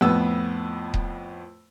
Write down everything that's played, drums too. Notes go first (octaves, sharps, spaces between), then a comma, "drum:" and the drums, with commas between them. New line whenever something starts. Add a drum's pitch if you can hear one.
F2 A2 B3 E6
drum: kick D#1